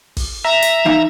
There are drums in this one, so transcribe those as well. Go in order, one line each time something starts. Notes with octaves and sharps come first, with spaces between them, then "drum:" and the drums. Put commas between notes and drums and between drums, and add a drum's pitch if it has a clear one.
drum: kick, open hi-hat
E5 A#5
drum: hi-hat
E3 D#4 F5